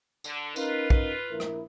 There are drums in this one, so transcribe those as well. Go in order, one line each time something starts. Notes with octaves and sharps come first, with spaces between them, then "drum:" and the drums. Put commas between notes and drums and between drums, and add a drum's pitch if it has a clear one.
D3, drum: tambourine
C#4 D#4 F4 A#4 B4, drum: tambourine
drum: kick
A#1 E4 A#4
drum: rim click